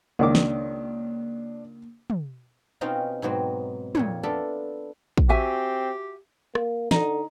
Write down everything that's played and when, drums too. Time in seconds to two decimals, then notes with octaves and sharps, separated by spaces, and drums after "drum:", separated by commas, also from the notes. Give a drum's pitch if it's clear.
0.19 C#2 D#3 A#3 D4 D6
0.35 drum: snare
2.10 drum: tom
2.81 B2 C4 C#4 D#4 F4 A#5
3.22 G#2 B2 F#3 C4
3.95 F2 A#2 C#5, drum: tom
4.23 B3 D4 F4 A4 D5 E5
5.17 drum: kick
5.29 C4 F#4 G4 E5 G#5
6.55 A#3, drum: rim click
6.91 D3 D#4, drum: snare